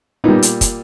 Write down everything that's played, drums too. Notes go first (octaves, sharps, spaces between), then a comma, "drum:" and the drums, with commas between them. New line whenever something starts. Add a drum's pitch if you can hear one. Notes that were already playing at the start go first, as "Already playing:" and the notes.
A#2 G3 B3 D#4
drum: hi-hat
drum: kick, hi-hat